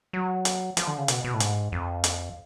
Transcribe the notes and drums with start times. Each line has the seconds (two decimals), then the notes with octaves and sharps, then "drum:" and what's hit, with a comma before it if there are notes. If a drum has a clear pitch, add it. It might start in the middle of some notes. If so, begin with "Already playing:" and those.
0.13 F#3
0.45 drum: hi-hat
0.77 F3, drum: hi-hat
0.88 D3
0.98 C#3
1.08 B2, drum: hi-hat
1.24 B2
1.34 A2
1.40 G#2, drum: hi-hat
1.72 F2
2.04 drum: hi-hat